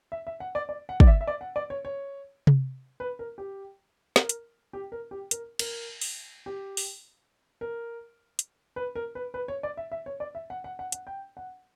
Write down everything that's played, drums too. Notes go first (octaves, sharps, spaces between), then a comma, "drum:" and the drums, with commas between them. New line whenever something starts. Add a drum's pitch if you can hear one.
E5
E5
F#5
D5
D5
F#5
D5, drum: kick
E5
E5
D5
F#5
D5
C#5
C#5
drum: tom C3
B4
A#4
G4
A#4, drum: snare
drum: hi-hat
G4
A#4
G4
A#4, drum: hi-hat
A#4, drum: cymbal
drum: open hi-hat
G4
drum: open hi-hat
A#4
drum: hi-hat
B4
A#4
B4
B4
C#5
D5
E5
E5
C#5
D5
E5
F#5
F#5
F#5
F#5, drum: hi-hat
G5
F#5